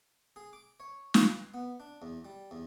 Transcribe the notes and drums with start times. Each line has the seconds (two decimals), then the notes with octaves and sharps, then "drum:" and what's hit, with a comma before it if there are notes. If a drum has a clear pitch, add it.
0.36 G#4
0.53 D6
0.80 C#5
1.14 F5, drum: snare
1.54 B3
1.80 D4
2.02 E2
2.25 G3
2.51 E2